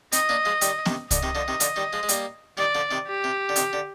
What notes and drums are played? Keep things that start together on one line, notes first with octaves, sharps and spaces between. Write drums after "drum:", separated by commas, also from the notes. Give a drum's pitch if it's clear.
C4 D#4 D#5, drum: hi-hat
A#3 D4
F3 G#3
D#3 G3, drum: hi-hat
C3 D#3, drum: snare B3
D3 D#5, drum: kick C2, hi-hat
C3 D#3
D3 F3
C3 D#3
D3 F3, drum: hi-hat
D#3 G3
F3 G#3
G#3
G3 A#3, drum: hi-hat
D#3 G3 D5
D3 F3
C3 D#3
G4
C3
D3
C3 D#3, drum: hi-hat
D3